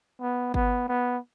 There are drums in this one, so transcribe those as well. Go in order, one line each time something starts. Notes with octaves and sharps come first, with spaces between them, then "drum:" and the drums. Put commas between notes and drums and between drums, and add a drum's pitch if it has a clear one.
B3
B3, drum: kick G1
B3